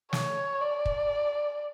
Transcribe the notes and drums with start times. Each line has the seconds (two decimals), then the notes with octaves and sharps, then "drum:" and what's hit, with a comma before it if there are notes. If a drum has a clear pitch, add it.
0.13 C#5, drum: snare
0.61 D5
0.85 drum: kick